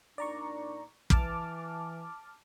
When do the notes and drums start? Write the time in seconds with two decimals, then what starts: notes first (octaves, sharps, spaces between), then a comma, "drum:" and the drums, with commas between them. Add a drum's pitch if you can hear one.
0.18 A#2 D4 D#4 D5 A#5 C#6
1.10 E3 A5 D6 F6, drum: kick